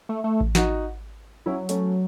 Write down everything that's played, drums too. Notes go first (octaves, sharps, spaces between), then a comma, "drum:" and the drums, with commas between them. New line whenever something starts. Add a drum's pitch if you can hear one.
A3
A3
drum: kick A1
D#4 F#4, drum: snare
F#3 C#4 E4
A3 C#4, drum: hi-hat